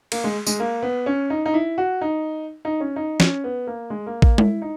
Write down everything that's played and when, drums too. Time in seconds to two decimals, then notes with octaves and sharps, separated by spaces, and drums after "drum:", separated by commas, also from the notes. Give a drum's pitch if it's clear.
0.12 A#3, drum: cymbal
0.24 G#3
0.47 G#3, drum: tambourine
0.59 A#3
0.83 B3
1.06 C#4
1.30 D#4
1.46 D#4
1.54 E4
1.78 F#4
2.01 D#4
2.65 D#4
2.80 C#4
2.96 D#4
3.20 C#4, drum: snare
3.44 B3
3.67 A#3
3.90 G#3
4.06 A#3
4.22 A#3, drum: kick A1
4.38 E4, drum: tom G#3
4.62 D#4